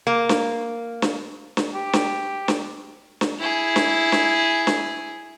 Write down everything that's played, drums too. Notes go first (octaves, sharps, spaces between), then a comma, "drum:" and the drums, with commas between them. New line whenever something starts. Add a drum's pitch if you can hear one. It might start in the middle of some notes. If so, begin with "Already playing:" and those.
A#3
drum: snare
drum: snare
drum: snare
G4
drum: snare
drum: snare
drum: snare
E4 G#4
drum: snare
drum: snare
drum: snare